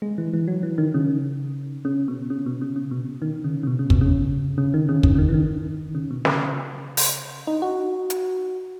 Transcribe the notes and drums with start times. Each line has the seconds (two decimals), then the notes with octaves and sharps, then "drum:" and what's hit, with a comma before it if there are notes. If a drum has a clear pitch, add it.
0.02 G#3
0.18 E3
0.33 E3
0.48 F#3
0.63 E3
0.78 D#3
0.94 C#3
1.85 C#3
2.08 B2
2.30 C#3
2.46 B2
2.61 C#3
2.76 C#3
2.91 B2
3.22 D#3
3.44 C#3
3.63 C#3
3.67 B2
3.79 C#3
3.90 B2, drum: kick
4.01 C#3
4.58 C#3
4.74 D#3
4.89 C#3
5.03 C#3, drum: kick
5.15 C#3
5.19 D#3
5.29 E3
5.34 D#3
5.95 C#3
6.11 B2
6.25 C#3, drum: snare
6.97 drum: open hi-hat
7.47 D#4
7.62 F#4
8.10 drum: hi-hat